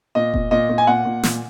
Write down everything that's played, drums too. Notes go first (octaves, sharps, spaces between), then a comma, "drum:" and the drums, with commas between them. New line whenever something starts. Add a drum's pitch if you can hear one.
A#2 D#5
A#2, drum: kick F1
A#2 D#5
A#2
G#5
A#2 F#5
A#2
A#2, drum: snare